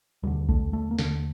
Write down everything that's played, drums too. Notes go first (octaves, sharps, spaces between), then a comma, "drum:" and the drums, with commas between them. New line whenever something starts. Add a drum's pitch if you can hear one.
D#2 D3 G3
A3, drum: kick B1
A3
A#3
D#2 D3 A3, drum: snare